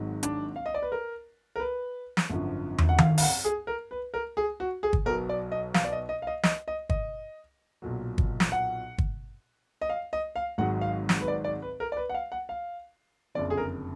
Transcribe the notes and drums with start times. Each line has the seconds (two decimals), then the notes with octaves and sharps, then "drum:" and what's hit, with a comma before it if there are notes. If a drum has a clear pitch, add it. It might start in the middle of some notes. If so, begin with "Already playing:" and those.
Already playing: G#1 G#2 D#3 F#3
0.23 D4, drum: hi-hat
0.56 F5
0.66 D#5
0.74 D5
0.82 B4
0.92 A#4
1.56 A#4
1.60 B4
2.17 drum: snare
2.30 G#1 F#2 D3 F3
2.78 drum: tom
2.89 F#5
2.98 F5, drum: tom D#3
3.18 F5, drum: open hi-hat
3.22 F#5
3.45 G#4
3.67 A#4
3.91 B4
4.14 A#4
4.37 G#4
4.60 F#4
4.83 G#4
4.93 drum: kick
5.05 B1 B2 F#3 A#4
5.29 D5
5.52 D#5
5.74 F5, drum: snare
5.85 D5
5.92 D#5
6.09 D#5
6.22 F5
6.27 D#5
6.43 D#5, drum: snare
6.68 D#5
6.90 D#5, drum: kick
7.82 B1 A#2 F#3
8.18 drum: kick
8.40 drum: snare
8.52 F#5
8.98 drum: kick
9.81 D#5
9.89 F5
10.13 D#5
10.36 F5
10.58 G#1 G#2 D#3 F#3 F#5
10.81 F5
11.09 drum: snare
11.21 B4
11.28 D5
11.44 D5
11.62 B4
11.80 A#4
11.92 D5
11.97 B4
12.09 F#5
12.14 F5
12.32 F#5
12.49 F5
13.35 F#1 F2 D3 D5
13.50 G#4
13.57 A#4